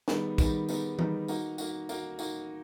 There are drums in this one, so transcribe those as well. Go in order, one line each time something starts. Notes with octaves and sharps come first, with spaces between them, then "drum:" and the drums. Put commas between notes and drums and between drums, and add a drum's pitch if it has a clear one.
D#3 G3 B3 D#4 G#4, drum: snare
D#3 G3 B3 D#4 G#4, drum: kick, tambourine
D#3 G3 B3 D#4 G#4, drum: tambourine
D#3 G3 B3 D#4 G#4, drum: tom E3
A#3 D#4 F#4, drum: tambourine
A#3 D#4 F#4, drum: tambourine
A#3 D#4 F#4, drum: tambourine
A#3 D#4 F#4, drum: tambourine